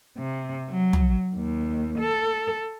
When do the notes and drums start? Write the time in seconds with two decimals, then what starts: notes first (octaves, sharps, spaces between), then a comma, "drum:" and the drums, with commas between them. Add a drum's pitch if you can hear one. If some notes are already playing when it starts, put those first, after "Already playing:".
0.18 C3
0.69 F#3
0.93 drum: tom
1.36 D#2
1.99 A4